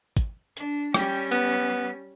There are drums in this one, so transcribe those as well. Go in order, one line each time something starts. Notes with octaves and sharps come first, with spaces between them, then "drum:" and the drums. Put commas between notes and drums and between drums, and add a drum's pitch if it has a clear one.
drum: kick, hi-hat
D4, drum: hi-hat
G3 C#4 G5, drum: rim click
B3, drum: hi-hat